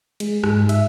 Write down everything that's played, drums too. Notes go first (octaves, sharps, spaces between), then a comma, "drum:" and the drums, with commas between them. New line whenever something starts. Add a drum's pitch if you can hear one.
G#3, drum: cymbal
G#2, drum: rim click
E5, drum: cymbal